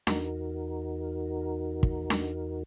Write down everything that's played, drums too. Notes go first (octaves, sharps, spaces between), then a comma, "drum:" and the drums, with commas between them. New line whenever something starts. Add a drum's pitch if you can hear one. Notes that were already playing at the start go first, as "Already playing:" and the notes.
E2 D#4 F#4 A#4, drum: snare D4
drum: kick
drum: snare D4